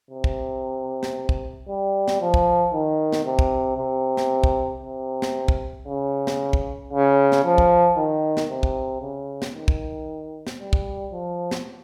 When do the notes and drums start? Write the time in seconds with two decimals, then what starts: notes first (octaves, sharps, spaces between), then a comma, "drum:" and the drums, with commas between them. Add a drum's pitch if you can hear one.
0.11 C3
0.24 drum: kick
1.03 drum: snare
1.29 drum: kick
1.69 G3
2.08 drum: snare
2.21 F3
2.34 drum: kick
2.73 D#3
3.12 drum: snare
3.25 C3
3.39 drum: kick
3.78 C3
4.17 drum: snare
4.44 drum: kick
4.83 C3
5.22 drum: snare
5.48 drum: kick
5.88 C#3
6.27 drum: snare
6.53 drum: kick
6.93 C#3
7.32 drum: snare
7.45 F3
7.58 drum: kick
7.97 D#3
8.37 drum: snare
8.50 C3
8.63 drum: kick
9.02 C#3
9.42 drum: snare
9.55 D#3
9.68 drum: kick
10.47 drum: snare
10.60 G3
10.73 drum: kick
11.13 F3
11.51 drum: snare